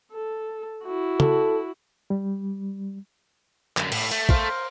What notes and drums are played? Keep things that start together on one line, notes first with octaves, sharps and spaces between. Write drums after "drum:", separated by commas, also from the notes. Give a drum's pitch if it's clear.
A4
E4 F#4
A4, drum: tom
G3
F#2 D3, drum: clap
A2, drum: cymbal
A3, drum: open hi-hat
A#4 C5 F5, drum: kick